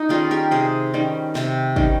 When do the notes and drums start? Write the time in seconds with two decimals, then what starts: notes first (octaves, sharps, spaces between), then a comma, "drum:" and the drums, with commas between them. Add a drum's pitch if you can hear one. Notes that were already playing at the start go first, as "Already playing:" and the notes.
Already playing: D#4
0.09 D#3 G3 C#4 F4 G#4
0.31 G4 A#4
0.51 C3 G#4 C5
0.94 D#3 G3 C#4
1.35 C3, drum: snare
1.76 D#3 G3 C#4, drum: kick